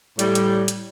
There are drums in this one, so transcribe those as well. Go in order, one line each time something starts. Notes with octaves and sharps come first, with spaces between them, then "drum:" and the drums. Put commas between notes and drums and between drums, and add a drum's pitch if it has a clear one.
A2 G3, drum: hi-hat
drum: hi-hat
drum: hi-hat